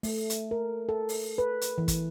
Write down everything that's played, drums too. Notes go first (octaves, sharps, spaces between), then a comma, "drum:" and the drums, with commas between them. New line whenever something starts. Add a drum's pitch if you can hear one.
A3, drum: open hi-hat
drum: hi-hat
A#4
A4
drum: open hi-hat
B4
drum: hi-hat
E3
drum: kick, hi-hat